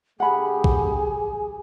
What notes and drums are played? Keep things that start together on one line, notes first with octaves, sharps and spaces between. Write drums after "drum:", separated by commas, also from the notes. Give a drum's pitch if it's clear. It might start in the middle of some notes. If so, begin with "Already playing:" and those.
D2 A3 G4 G#4 F#5 G#5 B5
drum: kick